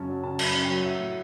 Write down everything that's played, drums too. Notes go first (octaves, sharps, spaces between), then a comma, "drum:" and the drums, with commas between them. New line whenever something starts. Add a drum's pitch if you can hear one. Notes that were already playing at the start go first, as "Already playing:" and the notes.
Already playing: F#2 C#3 C#4 A5
F#3
C#3 A5
F#2 B5, drum: cymbal
C#4
F#3 G5
F#3 E5
A2